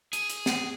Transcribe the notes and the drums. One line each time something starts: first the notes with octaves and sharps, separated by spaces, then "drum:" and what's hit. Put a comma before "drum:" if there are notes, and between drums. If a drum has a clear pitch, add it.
G#4, drum: hi-hat
drum: hi-hat
drum: snare